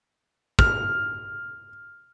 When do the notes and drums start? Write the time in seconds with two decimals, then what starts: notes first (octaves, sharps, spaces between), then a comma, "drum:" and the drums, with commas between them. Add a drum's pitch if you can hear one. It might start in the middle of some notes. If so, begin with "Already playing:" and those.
0.59 F6, drum: kick